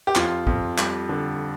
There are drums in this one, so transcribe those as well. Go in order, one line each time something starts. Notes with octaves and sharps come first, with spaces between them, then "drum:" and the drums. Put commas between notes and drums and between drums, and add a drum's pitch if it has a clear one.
G4
F2 F4, drum: clap
F2, drum: kick
G3, drum: clap
D3